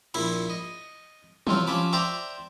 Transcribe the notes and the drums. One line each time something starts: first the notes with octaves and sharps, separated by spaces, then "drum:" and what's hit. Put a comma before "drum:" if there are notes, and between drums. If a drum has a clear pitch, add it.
A#1 E4 B5, drum: cymbal
D#5
C3 E3 F#3 C4 F4, drum: tom
F3 C#4 A5 B5 D6
C5 D5 E5 G5 A#5 D6